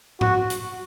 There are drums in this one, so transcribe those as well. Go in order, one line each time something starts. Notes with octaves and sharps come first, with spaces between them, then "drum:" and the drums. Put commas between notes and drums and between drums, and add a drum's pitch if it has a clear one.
F#4, drum: tom G#2
drum: hi-hat